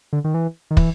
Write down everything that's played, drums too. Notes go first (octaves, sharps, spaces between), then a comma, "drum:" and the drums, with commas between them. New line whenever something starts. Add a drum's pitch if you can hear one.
D3
D#3
E3
D#3
E3, drum: kick